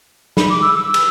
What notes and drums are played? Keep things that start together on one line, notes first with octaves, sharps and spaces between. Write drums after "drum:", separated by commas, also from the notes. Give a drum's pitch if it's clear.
B5, drum: snare
D6
E6
E6
drum: cymbal